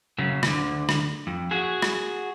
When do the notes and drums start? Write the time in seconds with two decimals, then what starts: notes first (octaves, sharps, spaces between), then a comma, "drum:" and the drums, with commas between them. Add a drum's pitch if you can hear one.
0.18 F#2 C#3
0.43 D2 D3, drum: rim click
0.89 drum: rim click
1.27 F2
1.51 F#4 G#4
1.82 drum: rim click